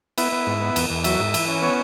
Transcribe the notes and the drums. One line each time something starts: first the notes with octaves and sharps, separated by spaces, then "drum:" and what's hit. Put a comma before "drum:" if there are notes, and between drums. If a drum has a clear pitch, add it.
B3 E4, drum: cymbal
B3
G#2
B3
E2, drum: cymbal
E2
F#3 E5, drum: cymbal
G#2
E3, drum: cymbal
C#4
B3 C#5